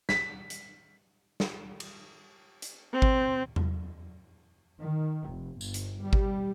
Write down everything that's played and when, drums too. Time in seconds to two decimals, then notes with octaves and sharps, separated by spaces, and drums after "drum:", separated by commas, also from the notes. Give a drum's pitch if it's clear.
0.09 B6, drum: snare
0.50 drum: hi-hat
1.40 drum: snare
1.80 drum: cymbal
2.62 drum: hi-hat
2.93 C4
3.02 drum: kick G#1
3.56 drum: tom E2
4.82 D#3
5.29 F1
5.61 G1, drum: tambourine
5.74 drum: hi-hat
6.03 G3
6.13 drum: kick G#1